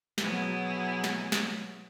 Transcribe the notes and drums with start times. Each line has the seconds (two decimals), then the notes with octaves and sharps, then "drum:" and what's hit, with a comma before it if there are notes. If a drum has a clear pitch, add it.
0.18 B2 F#3 B3 E4 G#4, drum: snare
1.04 drum: snare
1.32 drum: snare